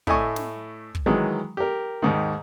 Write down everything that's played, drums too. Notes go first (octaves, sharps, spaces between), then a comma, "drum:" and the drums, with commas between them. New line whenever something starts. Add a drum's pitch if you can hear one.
A2 A3 D#5 G#5 C#6, drum: kick
drum: snare
drum: kick
D#3 E3 F#3 G#3
G4 A#4
D#2 G#2 D#3